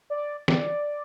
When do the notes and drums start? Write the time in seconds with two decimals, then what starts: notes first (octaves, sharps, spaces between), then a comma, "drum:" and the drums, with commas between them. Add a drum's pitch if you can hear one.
0.10 D5
0.48 D5, drum: snare